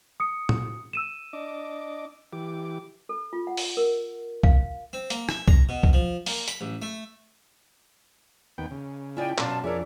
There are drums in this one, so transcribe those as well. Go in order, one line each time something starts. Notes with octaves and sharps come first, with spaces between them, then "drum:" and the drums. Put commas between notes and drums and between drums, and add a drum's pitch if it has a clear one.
D#6 C#7
drum: tom A#2
E6 D#7 E7
D4 D#5 D6
E3 G4 D6
A4
F4
F#5
drum: open hi-hat
A#4
F5, drum: kick C2
C4
A#3, drum: hi-hat
E5, drum: rim click
A#5, drum: kick C2
B2
drum: kick C2
F3
A#3, drum: open hi-hat
B5, drum: hi-hat
A1
A3
D#2 B3 G5
C#3
E4 F4 D5 D#5 G5 G#5
F#2 B2 B3 D4 F4 A5, drum: clap
F2 D4 G#4 A#4 C#5 D5 E5